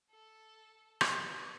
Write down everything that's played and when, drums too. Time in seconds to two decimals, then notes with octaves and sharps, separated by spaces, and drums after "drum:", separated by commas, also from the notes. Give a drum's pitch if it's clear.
0.11 A4
1.01 drum: rim click
1.24 B4